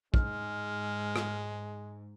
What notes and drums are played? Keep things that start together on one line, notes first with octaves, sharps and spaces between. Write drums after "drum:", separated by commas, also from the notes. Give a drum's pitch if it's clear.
G#2 G#3 F6, drum: kick
drum: rim click